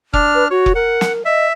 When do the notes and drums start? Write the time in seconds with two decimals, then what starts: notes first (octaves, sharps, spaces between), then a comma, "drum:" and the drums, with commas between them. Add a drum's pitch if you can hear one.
0.13 D4 F6, drum: kick F1
0.35 B4
0.50 F#4 C#5
0.66 drum: kick F1
0.75 A#4 F#5
1.01 drum: snare
1.25 D#5 E5